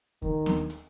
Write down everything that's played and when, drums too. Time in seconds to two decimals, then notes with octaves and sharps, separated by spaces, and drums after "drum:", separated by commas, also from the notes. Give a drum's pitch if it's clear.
0.22 D#3, drum: kick D#2
0.46 drum: snare
0.70 drum: hi-hat